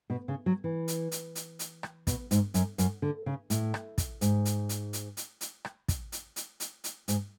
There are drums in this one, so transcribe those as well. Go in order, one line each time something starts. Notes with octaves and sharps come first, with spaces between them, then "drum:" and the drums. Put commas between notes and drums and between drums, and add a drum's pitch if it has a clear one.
B2
C#3
F#3
E3
drum: hi-hat
drum: hi-hat
drum: hi-hat
drum: hi-hat
drum: rim click
B2, drum: kick, hi-hat
G#2, drum: hi-hat
F#2, drum: hi-hat
F#2, drum: hi-hat
D3
C#3
A2, drum: hi-hat
drum: rim click
drum: kick, hi-hat
G#2, drum: hi-hat
drum: hi-hat
drum: hi-hat
drum: hi-hat
drum: hi-hat
drum: hi-hat
drum: rim click
drum: kick, hi-hat
drum: hi-hat
drum: hi-hat
drum: hi-hat
drum: hi-hat
G#2, drum: hi-hat